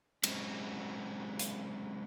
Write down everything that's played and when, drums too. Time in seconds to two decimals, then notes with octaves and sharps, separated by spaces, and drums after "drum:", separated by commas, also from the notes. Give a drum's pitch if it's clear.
0.24 F#3 G#3 C4 C#4, drum: cymbal
1.39 drum: hi-hat